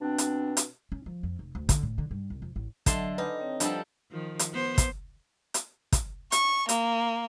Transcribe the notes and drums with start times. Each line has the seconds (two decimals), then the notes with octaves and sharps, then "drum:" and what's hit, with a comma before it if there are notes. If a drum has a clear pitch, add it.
0.01 B2 C4 D4
0.18 drum: hi-hat
0.57 drum: hi-hat
0.92 C#4
1.06 F3
1.23 F2
1.39 F1
1.55 D2
1.69 D3, drum: kick, hi-hat
1.83 A2
1.98 D3
2.11 G2
2.30 C2
2.42 F2
2.56 A1
2.86 D3 F#3 D#5 E5 A5 C6, drum: kick, hi-hat
3.18 D#4 B4 F#5 G#5 B5 D6
3.38 C4 C#5 G5
3.60 F3 G3 D4 A4 C5 F#5, drum: hi-hat
4.11 D#3 F3
4.39 drum: hi-hat
4.52 B3 C5
4.78 drum: kick, hi-hat
5.54 drum: hi-hat
5.92 drum: kick, hi-hat
6.32 C#6, drum: hi-hat
6.69 A#3, drum: hi-hat